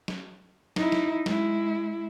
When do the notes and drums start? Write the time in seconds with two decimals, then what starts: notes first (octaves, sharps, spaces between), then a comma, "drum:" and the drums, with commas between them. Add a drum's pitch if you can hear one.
0.08 drum: snare
0.76 D#4 E4, drum: snare
0.92 drum: snare
1.26 G#3 E4, drum: snare